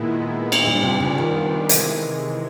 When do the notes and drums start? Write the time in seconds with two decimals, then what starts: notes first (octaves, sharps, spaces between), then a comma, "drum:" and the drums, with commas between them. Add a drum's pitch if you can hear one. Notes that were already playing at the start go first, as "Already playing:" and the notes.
Already playing: A#2 D#3 G#3 B3 E4
0.52 drum: cymbal
0.66 A#2 G3 B3 D4 F4
0.83 C3
1.00 C#3
1.18 D#3
1.69 C3 E3 G#3, drum: hi-hat